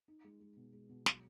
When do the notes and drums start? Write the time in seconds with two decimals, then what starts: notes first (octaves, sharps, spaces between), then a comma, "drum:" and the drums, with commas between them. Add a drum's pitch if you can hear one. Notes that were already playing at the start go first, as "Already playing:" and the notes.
0.08 D#4
0.24 G#3
0.40 G#3
0.57 B2
0.73 G#3
0.89 B2
1.06 F#3, drum: snare